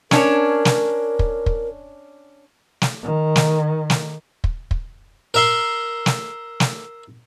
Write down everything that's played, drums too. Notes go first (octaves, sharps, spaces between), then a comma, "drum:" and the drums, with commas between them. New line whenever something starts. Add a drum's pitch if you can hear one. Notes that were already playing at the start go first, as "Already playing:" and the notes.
C#4 D4 A#4 C#5, drum: snare
drum: snare
drum: kick
drum: kick
drum: snare
D#3
drum: snare
drum: snare
drum: kick
drum: kick
A#4 E5 C6
drum: snare
drum: snare